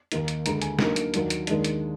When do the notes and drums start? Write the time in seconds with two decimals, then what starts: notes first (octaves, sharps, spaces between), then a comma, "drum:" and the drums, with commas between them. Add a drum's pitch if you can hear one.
0.12 D#2 D#3 A#3 D#4, drum: hi-hat
0.28 drum: hi-hat
0.46 D2 D3 G#3 A#5, drum: hi-hat
0.62 G#5, drum: hi-hat
0.79 D3 F#3 A#3 D#4 A#4, drum: snare
0.96 drum: hi-hat
1.14 D#2 D#3 F#3 D4, drum: hi-hat
1.30 drum: hi-hat
1.47 D#2 D#3 G#3 D4, drum: hi-hat
1.65 drum: hi-hat